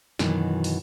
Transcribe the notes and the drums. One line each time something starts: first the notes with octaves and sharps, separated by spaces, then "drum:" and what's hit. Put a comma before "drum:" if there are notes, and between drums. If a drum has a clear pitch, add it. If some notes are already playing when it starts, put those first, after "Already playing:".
F#2 B2 D#3 E3 F#3, drum: snare
drum: open hi-hat